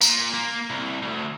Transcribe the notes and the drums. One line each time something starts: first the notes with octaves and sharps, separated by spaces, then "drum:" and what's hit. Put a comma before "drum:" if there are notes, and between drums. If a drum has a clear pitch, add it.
A#2, drum: tambourine
A#3
C2
D2